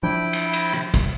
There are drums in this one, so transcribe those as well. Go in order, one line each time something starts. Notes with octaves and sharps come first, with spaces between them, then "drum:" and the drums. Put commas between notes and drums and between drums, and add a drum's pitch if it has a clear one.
F3 D4 E4 G5
drum: cymbal
drum: cymbal
drum: rim click
E1 C2, drum: kick, cymbal